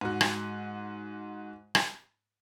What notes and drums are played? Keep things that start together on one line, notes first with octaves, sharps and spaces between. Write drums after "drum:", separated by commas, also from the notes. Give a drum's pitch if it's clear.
G#2 F#4
drum: rim click
drum: rim click